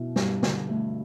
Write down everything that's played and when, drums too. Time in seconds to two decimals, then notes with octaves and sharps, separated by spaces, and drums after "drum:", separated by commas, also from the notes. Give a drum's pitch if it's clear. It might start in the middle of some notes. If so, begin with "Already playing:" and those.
Already playing: B2 E4
0.16 G2, drum: snare
0.43 D3, drum: snare
0.69 A3